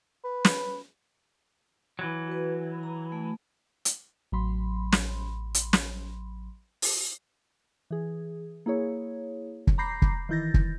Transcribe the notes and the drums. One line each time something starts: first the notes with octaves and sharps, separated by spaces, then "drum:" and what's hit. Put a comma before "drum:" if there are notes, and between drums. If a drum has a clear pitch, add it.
B4
drum: snare
E3 F#3
F#4 B4
A#5
A3
drum: hi-hat
A1 F#3 B5 C6
drum: snare
drum: hi-hat
drum: snare
drum: open hi-hat
E3 G#4
A#3 E4 G#4 C#5
drum: kick
A#5 B5 D6 G6 A#6 C7
drum: kick
D#3 E3 E4 G6 A6 A#6
drum: kick